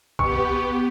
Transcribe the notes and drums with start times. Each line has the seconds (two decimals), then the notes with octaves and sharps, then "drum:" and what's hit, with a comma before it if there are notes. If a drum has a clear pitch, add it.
0.19 B3 G4 C#6, drum: kick